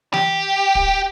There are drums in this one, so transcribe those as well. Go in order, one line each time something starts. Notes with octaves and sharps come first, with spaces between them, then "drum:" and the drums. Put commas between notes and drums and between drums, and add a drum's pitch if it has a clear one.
G4, drum: tom E3
drum: kick